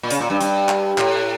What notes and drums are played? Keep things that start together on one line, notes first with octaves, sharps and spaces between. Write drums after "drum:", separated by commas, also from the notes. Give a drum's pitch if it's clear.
A#2
C#3, drum: hi-hat
A#2
G2
G2, drum: hi-hat
drum: clap
A2, drum: clap